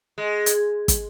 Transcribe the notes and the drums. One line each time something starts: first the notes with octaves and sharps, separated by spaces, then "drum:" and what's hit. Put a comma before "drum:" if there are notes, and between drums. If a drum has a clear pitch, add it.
G#3
drum: hi-hat
drum: kick, hi-hat